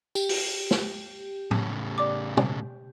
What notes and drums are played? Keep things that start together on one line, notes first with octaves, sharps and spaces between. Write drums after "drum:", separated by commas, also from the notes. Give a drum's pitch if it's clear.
G4, drum: tambourine
drum: open hi-hat
drum: snare
A2 C#3, drum: tom A2
D5 D6
drum: tom